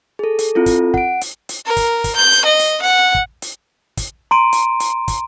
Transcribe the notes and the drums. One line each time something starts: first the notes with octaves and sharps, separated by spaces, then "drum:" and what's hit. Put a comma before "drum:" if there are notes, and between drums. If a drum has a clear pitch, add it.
G#4 A4
drum: hi-hat
C4 E4 F4 A4
drum: kick, hi-hat
F#5 D7, drum: kick
drum: hi-hat
drum: hi-hat
A#4
drum: kick, hi-hat
drum: kick, hi-hat
G6
drum: hi-hat
D#5
drum: hi-hat
F#5
drum: kick
drum: hi-hat
drum: kick, hi-hat
A#5 C6 D7 D#7
drum: hi-hat
drum: hi-hat
drum: kick, hi-hat